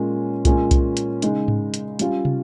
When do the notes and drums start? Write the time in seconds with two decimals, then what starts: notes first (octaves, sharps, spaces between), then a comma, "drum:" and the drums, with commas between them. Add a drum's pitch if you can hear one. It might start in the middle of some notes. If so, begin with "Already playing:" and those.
Already playing: A#2 G#3 C#4
0.45 A#2 G#3 C#4, drum: kick C2, hi-hat
0.71 drum: kick C2, hi-hat
0.97 drum: hi-hat
1.22 C#3 G#3 D#4, drum: hi-hat
1.48 drum: tom G#2
1.74 drum: hi-hat
1.99 G3 C#4 F4, drum: hi-hat
2.25 drum: tom